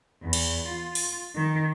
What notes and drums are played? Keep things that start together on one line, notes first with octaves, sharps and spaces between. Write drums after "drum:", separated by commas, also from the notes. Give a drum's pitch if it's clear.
E2
drum: cymbal
F4
drum: open hi-hat
D#3